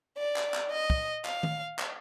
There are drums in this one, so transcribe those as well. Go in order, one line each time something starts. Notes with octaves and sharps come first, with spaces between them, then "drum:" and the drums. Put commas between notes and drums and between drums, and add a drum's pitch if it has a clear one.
D5
drum: clap
drum: clap
D#5
drum: kick
F5, drum: clap
drum: tom D#3
drum: clap